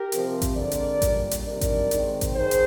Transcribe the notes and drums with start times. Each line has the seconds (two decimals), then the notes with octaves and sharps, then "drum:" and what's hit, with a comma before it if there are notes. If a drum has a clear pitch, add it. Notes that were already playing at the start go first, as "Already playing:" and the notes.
Already playing: G4 A#4
0.12 C3 F3 C4, drum: hi-hat
0.42 drum: kick A1, hi-hat
0.56 D3 G#3 C4 A#4 D5
0.71 drum: hi-hat
1.02 A#2 G3 D4, drum: kick A1, hi-hat
1.31 drum: hi-hat
1.46 C3 D#3 G3 D4 A#4 D5
1.61 drum: kick A1, hi-hat
1.91 D#3 G#3 C4, drum: hi-hat
2.21 drum: kick A1, hi-hat
2.36 D#3 G#4 C5
2.51 drum: hi-hat